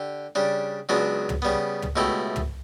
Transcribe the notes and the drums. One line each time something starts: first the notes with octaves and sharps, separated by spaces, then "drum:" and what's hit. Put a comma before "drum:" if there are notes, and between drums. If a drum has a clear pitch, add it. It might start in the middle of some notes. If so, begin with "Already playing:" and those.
Already playing: D3 G4
C#3 G3 D4
C#2 C#3 F#3 B3 D4
drum: tom
C#3 G3 B3
drum: tom
C#2 B2 A3 E4 G4
drum: tom